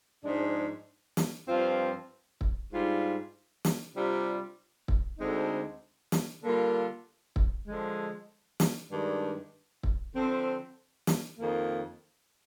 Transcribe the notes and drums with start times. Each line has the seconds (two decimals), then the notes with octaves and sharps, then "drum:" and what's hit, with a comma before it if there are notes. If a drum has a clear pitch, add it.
0.24 G#2 F3 G#3 D4
1.17 drum: snare
1.47 G2 F3 C4 F4
2.41 drum: kick
2.72 G#2 G3 D4 F4
3.64 drum: snare
3.96 C3 G3 D4 F4
4.88 drum: kick
5.19 D2 D3 G#3 C4 D#4
6.12 drum: snare
6.42 D3 G3 A#3 F4
7.36 drum: kick
7.67 D3 F3 G#3
8.60 drum: snare
8.91 G2 D#3 G#3 D4
9.83 drum: kick
10.14 D3 F3 C4
11.07 drum: snare
11.38 F2 D#3 A#3